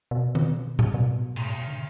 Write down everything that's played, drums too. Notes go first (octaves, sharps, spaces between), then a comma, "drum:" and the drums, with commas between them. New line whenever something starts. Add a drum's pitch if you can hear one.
B2
drum: tom D#3
drum: tom A2
B2
A2, drum: cymbal
G#2
B2
D3